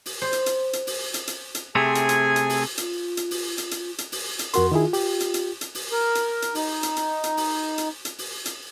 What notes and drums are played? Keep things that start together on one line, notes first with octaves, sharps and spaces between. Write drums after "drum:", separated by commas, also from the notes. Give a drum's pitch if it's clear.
drum: open hi-hat
C5
drum: hi-hat
drum: hi-hat
drum: hi-hat
drum: open hi-hat
drum: hi-hat
drum: hi-hat
drum: hi-hat
C3 A3 C4 G#4 G#5
drum: hi-hat
drum: hi-hat
drum: hi-hat
drum: open hi-hat
F4, drum: hi-hat
drum: hi-hat
drum: open hi-hat
drum: hi-hat
drum: hi-hat
drum: hi-hat
drum: open hi-hat
drum: hi-hat
F2 F#4 A#4 C6, drum: hi-hat
D#3 E4 F4 G#4
G4, drum: open hi-hat
drum: hi-hat
drum: hi-hat
drum: hi-hat
drum: open hi-hat
A#4
drum: hi-hat
drum: hi-hat
D#4, drum: open hi-hat
drum: hi-hat
drum: hi-hat
drum: hi-hat
drum: open hi-hat
drum: hi-hat
drum: hi-hat
drum: open hi-hat
drum: hi-hat